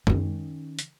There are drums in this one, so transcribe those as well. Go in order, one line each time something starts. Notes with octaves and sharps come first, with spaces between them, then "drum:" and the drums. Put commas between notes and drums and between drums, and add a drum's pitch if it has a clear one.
D#3 C#4, drum: tom F#2
drum: hi-hat